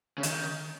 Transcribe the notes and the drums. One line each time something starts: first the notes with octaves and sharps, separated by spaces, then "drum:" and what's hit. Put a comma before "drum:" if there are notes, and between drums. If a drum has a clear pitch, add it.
C#3
D#3, drum: hi-hat